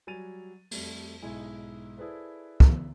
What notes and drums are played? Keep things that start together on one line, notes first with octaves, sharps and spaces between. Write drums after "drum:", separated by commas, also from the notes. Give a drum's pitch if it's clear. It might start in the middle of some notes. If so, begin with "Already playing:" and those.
F#3 G3 G#5 A6 D#7 F7
F2 G3 A3, drum: open hi-hat
B1 G#2 G#3 E4 G#5
E4 G#4 A4 B4 C5 D5
drum: kick